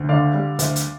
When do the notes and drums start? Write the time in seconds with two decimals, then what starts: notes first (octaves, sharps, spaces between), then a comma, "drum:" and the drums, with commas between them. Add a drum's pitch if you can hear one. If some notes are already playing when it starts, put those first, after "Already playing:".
Already playing: D2
0.09 D3 D5 F5
0.34 G3
0.59 D2, drum: hi-hat
0.76 drum: hi-hat